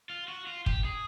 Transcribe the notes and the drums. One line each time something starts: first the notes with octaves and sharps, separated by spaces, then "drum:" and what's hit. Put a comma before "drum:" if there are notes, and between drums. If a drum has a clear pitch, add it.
F4
F#4
F4
G4, drum: kick
G#4